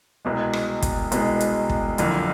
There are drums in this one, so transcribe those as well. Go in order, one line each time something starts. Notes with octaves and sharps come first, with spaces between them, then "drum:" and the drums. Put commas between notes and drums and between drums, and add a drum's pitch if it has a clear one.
C2 B2 G#3
drum: rim click
drum: kick, hi-hat
C2 B2 G#3, drum: hi-hat
drum: hi-hat
drum: kick
F#1 F2 D3, drum: hi-hat